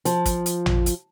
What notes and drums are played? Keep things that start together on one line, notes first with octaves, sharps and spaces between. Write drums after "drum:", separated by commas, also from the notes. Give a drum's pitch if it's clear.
F3, drum: hi-hat
drum: kick, hi-hat
drum: hi-hat
drum: tom A1
drum: hi-hat